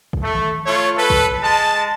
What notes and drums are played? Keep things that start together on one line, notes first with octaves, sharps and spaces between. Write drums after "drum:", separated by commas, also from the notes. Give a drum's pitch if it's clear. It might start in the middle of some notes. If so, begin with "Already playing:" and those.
drum: kick
A3
drum: tom D#3
A3 F4 C#5
A4 B4
drum: kick
G#3 A5